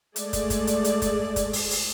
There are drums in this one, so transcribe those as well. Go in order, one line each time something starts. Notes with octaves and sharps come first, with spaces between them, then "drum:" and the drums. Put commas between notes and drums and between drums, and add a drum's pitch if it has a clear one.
G#3 A3 G#4 D5, drum: hi-hat
drum: kick, hi-hat
drum: kick, hi-hat
drum: hi-hat
drum: hi-hat
drum: kick, hi-hat
drum: kick, hi-hat
drum: open hi-hat
drum: open hi-hat